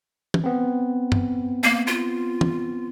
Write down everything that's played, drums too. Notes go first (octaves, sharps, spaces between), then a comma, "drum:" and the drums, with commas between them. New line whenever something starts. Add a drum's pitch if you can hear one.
drum: tom
B3 C4
drum: tom
A#3
F4
drum: tom